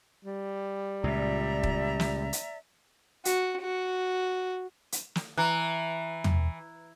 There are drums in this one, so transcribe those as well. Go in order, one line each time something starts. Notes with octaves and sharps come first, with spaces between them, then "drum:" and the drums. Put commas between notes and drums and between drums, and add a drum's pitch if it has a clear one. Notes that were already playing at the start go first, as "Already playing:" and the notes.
G3
C#2 A#2 D5 E5 A#5
drum: kick D#1
drum: snare
drum: hi-hat
F#4, drum: hi-hat
F#4
drum: hi-hat
drum: snare
E3 A#5 F#6
drum: tom